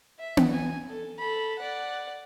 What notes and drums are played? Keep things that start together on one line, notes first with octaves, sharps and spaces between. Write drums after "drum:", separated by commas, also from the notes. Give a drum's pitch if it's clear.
E5
drum: tom B3
G#5
A4
A4 B5
D5 F#5